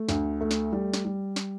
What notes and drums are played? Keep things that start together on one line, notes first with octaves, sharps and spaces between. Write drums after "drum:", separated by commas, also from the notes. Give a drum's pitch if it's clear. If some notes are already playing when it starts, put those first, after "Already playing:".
Already playing: A3
D2, drum: snare
A3
drum: snare
G3
drum: snare
G3
drum: snare